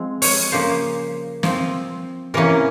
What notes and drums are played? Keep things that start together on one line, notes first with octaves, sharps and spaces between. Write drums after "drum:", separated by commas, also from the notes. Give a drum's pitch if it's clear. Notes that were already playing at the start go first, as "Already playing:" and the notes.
Already playing: F3 G#3 C4
C#5, drum: open hi-hat
C#3 F3 A#3 C5
F3 C4, drum: snare
C3 E3 A#3 C#4 A#4